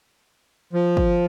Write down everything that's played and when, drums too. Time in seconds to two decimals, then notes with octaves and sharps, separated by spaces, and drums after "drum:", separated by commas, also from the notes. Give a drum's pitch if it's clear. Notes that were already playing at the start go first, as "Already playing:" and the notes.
0.73 F3
0.97 drum: kick